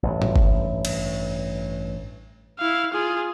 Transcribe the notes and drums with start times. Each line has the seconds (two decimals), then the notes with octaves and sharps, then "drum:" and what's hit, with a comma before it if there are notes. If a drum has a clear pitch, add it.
0.03 A1 G2
0.22 drum: tom A2
0.36 drum: kick G1
0.85 drum: cymbal
2.59 E4 F5
2.93 F4 G#4